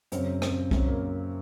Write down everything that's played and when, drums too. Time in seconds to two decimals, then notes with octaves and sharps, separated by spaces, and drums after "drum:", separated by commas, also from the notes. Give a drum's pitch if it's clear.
0.12 F#2 C#3 C4, drum: hi-hat
0.42 C4, drum: rim click
0.71 F#2 C#3 C4, drum: kick C2
0.87 A#3